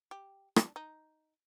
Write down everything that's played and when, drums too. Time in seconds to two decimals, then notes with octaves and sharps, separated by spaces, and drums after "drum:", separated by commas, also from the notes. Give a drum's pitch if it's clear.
0.11 G4
0.56 D4, drum: rim click
0.76 D#4